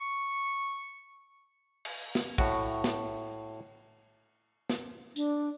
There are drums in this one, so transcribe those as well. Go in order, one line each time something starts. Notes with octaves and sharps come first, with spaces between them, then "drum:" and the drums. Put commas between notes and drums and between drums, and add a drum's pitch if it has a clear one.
C#6
drum: cymbal
drum: snare
A2 F#4, drum: kick
drum: snare
drum: snare
D4, drum: tambourine